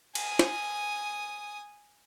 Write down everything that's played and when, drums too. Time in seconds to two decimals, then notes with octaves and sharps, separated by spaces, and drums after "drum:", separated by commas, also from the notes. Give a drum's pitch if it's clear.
0.15 G#5 D#6, drum: cymbal
0.39 drum: snare